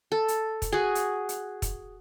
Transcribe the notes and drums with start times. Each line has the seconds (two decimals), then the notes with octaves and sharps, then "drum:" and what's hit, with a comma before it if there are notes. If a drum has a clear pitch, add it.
0.12 A4
0.28 drum: hi-hat
0.62 drum: kick, hi-hat
0.72 F#4 G#4
0.95 drum: hi-hat
1.29 drum: hi-hat
1.62 drum: kick, hi-hat